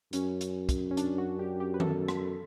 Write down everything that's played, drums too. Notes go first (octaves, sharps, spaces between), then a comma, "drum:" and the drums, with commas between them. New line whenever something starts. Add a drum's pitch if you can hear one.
F#2 C#4, drum: hi-hat
drum: hi-hat
drum: kick, hi-hat
C#4
D4, drum: hi-hat
F#4
G4
G4
B4
A4, drum: tom D#3
drum: rim click